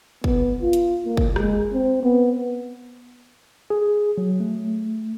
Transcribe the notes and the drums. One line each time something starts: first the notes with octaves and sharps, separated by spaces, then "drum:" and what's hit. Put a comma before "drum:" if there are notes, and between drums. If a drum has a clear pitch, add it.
B3, drum: kick
F4
drum: hi-hat
A#3
drum: kick
G#3, drum: rim click
C4
B3
G#4
F#3
A3